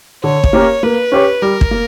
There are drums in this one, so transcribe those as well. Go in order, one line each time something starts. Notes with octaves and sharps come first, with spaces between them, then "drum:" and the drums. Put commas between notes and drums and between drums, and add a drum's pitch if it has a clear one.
D3 C#5
drum: kick
A#3 C#4 G4 A#4
A#3 B4
C#4 G4 C#5
G3 A#4
drum: kick
A#3